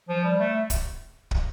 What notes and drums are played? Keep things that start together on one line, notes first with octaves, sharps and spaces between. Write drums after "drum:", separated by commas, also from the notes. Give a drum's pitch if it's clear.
F3
G3
A3
drum: kick, hi-hat
drum: kick